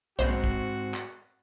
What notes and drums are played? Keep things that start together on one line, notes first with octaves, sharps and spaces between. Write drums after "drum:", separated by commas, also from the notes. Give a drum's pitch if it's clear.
B1 G#2 G#3 C4 F#4 C5 B5
drum: kick
drum: clap